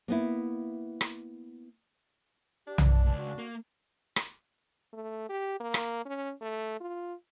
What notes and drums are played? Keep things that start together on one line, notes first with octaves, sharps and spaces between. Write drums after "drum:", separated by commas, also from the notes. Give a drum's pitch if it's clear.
A#3 B3 E4
drum: rim click
D4 G4
drum: tom B1
A5
C#2 A5
F#4
A#3
drum: rim click
A3
G4
A#3
drum: rim click
C#4
A3
F4